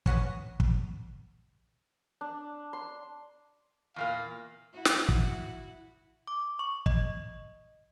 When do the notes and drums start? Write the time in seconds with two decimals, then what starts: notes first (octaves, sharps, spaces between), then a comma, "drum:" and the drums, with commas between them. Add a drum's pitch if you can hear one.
0.06 C#4 F#4 B4 D#5, drum: kick
0.60 drum: kick
2.21 D4
2.73 C6
3.96 E2 A#2 A#3 F5
4.74 E4 F#4
4.85 drum: snare
5.09 drum: kick
6.27 D6
6.59 C#6
6.86 D#5, drum: kick